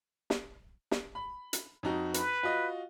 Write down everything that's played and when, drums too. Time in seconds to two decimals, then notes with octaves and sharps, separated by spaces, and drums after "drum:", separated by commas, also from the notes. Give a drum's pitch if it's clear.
0.30 drum: snare
0.91 drum: snare
1.15 B5
1.53 drum: hi-hat
1.83 F2 D#4 F#4
2.14 B4, drum: hi-hat
2.43 F4 F#4 D#5